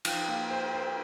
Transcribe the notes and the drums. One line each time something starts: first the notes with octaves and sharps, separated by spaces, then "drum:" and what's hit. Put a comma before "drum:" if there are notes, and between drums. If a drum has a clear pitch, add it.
F3 G5, drum: cymbal
A#3
C5
C5